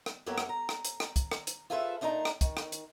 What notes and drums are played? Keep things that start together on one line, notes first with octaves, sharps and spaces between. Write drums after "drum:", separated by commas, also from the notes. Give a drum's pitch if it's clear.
drum: rim click
F#2 A#3 B3 G4 A4 C#5
drum: rim click
A#5
drum: rim click
drum: hi-hat
drum: rim click
drum: kick, hi-hat
drum: rim click
drum: hi-hat
F4 G#4 A4 B4 C5 E5
A#2 D4 D#4 A5 A#5
drum: rim click
D#3, drum: kick, hi-hat
drum: rim click
drum: hi-hat